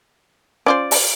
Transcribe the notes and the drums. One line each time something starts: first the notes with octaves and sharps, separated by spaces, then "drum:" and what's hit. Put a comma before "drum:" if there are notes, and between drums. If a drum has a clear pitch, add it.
C#4 F4 C5 D5
drum: open hi-hat